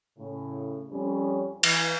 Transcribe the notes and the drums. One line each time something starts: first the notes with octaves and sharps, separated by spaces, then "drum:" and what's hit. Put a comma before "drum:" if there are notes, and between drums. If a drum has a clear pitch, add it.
A2 C#3
F2 G3 C#4
E3, drum: cymbal